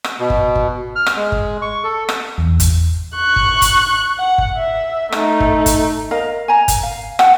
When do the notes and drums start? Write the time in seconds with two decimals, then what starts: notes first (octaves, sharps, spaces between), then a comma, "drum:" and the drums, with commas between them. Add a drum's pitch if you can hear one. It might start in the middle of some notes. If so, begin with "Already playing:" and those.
0.04 drum: rim click
0.19 B2
0.30 drum: kick G1
0.55 drum: kick G1
0.96 F6
1.06 drum: rim click
1.16 G#3
1.32 drum: kick G1
1.62 C#6
1.84 A4
2.09 drum: rim click
2.38 E2
2.60 drum: kick G1, hi-hat
3.16 C#6 F#6
3.36 drum: kick G1
3.62 drum: kick G1, hi-hat
4.19 F#5
4.38 drum: kick G1
4.57 E5
5.12 A3 D#4, drum: rim click
5.40 drum: kick G1
5.66 drum: kick G1, hi-hat
6.11 A#4 D#5 F5 A#5
6.48 G#5 A#5
6.68 drum: kick G1, hi-hat
6.83 F5
7.19 F4 F#5 G5 A5, drum: rim click